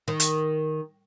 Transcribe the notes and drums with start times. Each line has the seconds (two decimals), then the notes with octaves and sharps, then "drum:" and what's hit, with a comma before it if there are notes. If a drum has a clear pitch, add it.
0.08 D#3
0.20 drum: hi-hat